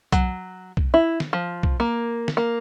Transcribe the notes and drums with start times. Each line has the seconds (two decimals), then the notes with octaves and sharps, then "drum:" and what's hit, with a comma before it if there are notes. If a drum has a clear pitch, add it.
0.12 F#3, drum: kick B1, hi-hat
0.77 drum: kick B1
0.94 E4
1.20 drum: snare
1.33 F3
1.63 drum: kick B1
1.80 A#3
2.28 drum: snare
2.37 A#3